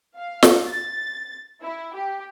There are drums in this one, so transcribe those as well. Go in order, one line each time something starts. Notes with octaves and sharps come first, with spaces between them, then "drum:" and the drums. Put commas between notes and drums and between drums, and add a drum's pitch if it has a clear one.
F5
drum: snare
A6
E4
G4